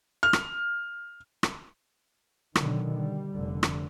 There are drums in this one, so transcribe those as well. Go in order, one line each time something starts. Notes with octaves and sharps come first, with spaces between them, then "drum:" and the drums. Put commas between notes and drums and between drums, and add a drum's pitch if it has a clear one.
F6
drum: rim click
drum: rim click
B2 D3 D#3 F#3, drum: rim click
G3
F1 D3
drum: rim click